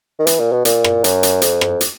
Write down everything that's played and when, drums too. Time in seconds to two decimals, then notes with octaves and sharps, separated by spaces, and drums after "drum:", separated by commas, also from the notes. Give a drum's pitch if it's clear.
0.19 D#3
0.27 E3, drum: hi-hat
0.39 A#2
0.52 B2
0.65 A#2, drum: hi-hat
0.84 drum: rim click
1.04 F#2, drum: hi-hat
1.23 drum: hi-hat
1.42 F2, drum: hi-hat
1.61 drum: rim click
1.81 drum: hi-hat